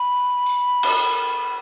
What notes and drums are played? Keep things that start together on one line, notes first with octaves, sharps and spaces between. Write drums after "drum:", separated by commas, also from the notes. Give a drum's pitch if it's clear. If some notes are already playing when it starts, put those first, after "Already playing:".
Already playing: B5
drum: tambourine
drum: cymbal